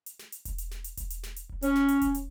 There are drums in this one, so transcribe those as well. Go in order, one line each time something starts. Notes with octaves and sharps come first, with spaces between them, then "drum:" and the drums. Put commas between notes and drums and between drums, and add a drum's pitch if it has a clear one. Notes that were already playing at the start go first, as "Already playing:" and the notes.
drum: hi-hat
drum: snare
drum: hi-hat
drum: kick E1, hi-hat
drum: hi-hat
drum: snare
drum: hi-hat
drum: kick E1, hi-hat
drum: hi-hat
drum: snare
drum: hi-hat
drum: kick E1
C#4, drum: hi-hat
drum: snare
drum: hi-hat
drum: kick E1, hi-hat
drum: hi-hat